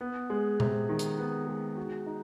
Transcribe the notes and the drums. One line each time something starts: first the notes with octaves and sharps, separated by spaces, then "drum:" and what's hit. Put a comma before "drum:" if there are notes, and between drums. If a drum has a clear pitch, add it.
B3
G#3
C3, drum: tom A#2
D#3
drum: hi-hat
B3
G#3
F#4
D#4